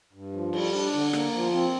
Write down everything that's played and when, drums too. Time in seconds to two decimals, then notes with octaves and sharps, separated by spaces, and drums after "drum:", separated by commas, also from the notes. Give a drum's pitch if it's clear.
0.13 G2
0.33 F3
0.53 G3, drum: cymbal
0.74 D4
0.93 D3
1.13 A#3, drum: rim click
1.34 F3
1.54 C4